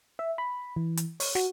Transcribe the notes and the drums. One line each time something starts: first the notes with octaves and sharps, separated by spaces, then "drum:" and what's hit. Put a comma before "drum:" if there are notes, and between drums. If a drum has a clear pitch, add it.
E5
B5
E3
drum: hi-hat
C#5, drum: open hi-hat
F#4, drum: snare